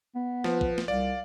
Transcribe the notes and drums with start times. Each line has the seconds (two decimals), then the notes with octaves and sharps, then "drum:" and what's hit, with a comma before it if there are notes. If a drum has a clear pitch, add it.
0.15 B3
0.44 F3 B4, drum: snare
0.61 drum: kick
0.78 drum: snare
0.88 C2 D5 F5